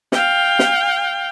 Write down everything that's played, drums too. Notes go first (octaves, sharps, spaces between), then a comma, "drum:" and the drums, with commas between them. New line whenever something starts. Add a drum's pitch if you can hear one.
F5 G5, drum: snare
drum: snare